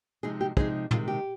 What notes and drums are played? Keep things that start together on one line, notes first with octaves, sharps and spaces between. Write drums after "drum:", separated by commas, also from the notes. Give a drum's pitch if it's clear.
C3 F3 G#3 D#4 G#4
G4
C3 F3 G#3 D#4 G#4, drum: kick
C3 D#3 G#3 F4, drum: tom
G4